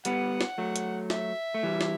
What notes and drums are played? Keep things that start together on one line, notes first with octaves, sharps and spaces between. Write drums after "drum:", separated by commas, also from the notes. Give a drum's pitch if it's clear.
G3 B3 F#5, drum: hi-hat
drum: snare
F#3 A3
drum: hi-hat
E5, drum: snare
A3
E3 G3
drum: snare